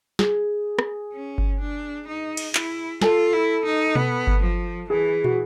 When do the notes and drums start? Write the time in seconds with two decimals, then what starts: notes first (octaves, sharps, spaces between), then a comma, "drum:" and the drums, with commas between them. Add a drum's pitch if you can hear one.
0.19 G#4, drum: snare
0.79 drum: rim click
1.13 C#4
1.38 drum: kick G1
1.60 D4
2.08 D#4
2.37 drum: cymbal
2.55 E4, drum: clap
3.01 F4 A4, drum: snare
3.33 E4
3.65 D#4
3.95 B3, drum: tom B2
4.27 drum: kick G1
4.43 F3
4.90 E3 G#4
5.24 F#4, drum: tom